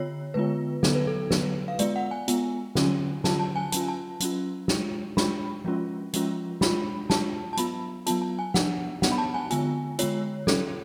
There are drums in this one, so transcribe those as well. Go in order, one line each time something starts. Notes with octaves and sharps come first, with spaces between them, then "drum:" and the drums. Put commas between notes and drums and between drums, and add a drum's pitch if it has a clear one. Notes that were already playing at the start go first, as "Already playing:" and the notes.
Already playing: D3 B3 F4 C#5
D3 G#3 B3 F4 B4
D3 F#3 B3 A4, drum: snare
B4
A4
D3 F#3 B3 B4, drum: snare
F5
G#3 B3 F4 D5, drum: hi-hat
F#5
G#5
G#3 B3 F4, drum: hi-hat
D3 F#3 C#4 F4, drum: snare
D3 F#3 C#4 F4 A5, drum: snare
A5
G#5
F#3 C#4 F4 A5, drum: hi-hat
A5
F#3 C#4 F4, drum: hi-hat
G#3 D4 F4, drum: snare
G#3 D4 F4 B5, drum: snare
F3 G#3 C#4 F4
F3 G#3 C#4 F4, drum: hi-hat
G#3 D4 F4 B5, drum: snare
G#3 D4 F4 A5, drum: snare
A5
F#3 B3 F4 B5, drum: hi-hat
F#3 B3 F4 A5, drum: hi-hat
A5
G#5
F3 B3 D4 F#5, drum: snare
F3 B3 D4 F#5, drum: snare
B5
A5
G#5
D3 G#3 B3 F4 G#5, drum: hi-hat
D3 G#3 B3 F4 C#5, drum: hi-hat
F#3 C#4 F4 A4, drum: snare